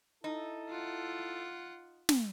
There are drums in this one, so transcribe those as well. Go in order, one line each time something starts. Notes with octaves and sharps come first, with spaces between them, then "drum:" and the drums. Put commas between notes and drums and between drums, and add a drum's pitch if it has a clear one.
D#4 E4 A4
F4 F#5
drum: snare